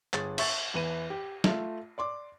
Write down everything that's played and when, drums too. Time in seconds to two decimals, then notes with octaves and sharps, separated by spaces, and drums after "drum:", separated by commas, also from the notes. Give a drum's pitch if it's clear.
0.13 G1 G#4 A6, drum: clap
0.38 E5 C#6 A6, drum: cymbal
0.74 E2 E3 B4 D#7
1.10 G4
1.44 A3 F4 E5, drum: snare
1.98 D5 C6 D6